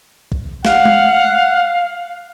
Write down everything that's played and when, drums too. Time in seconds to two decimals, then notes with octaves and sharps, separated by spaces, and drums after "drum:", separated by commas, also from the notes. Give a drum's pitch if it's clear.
0.32 drum: kick
0.65 F5 F#5, drum: snare
0.85 drum: tom G#3